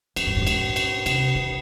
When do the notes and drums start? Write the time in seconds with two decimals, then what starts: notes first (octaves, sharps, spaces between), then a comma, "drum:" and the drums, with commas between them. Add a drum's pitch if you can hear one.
0.16 F2, drum: cymbal
0.26 G2
0.36 G#2
0.42 A#2
0.47 G#2, drum: cymbal
0.61 A#2
0.76 drum: cymbal
1.06 C3, drum: cymbal
1.35 C#3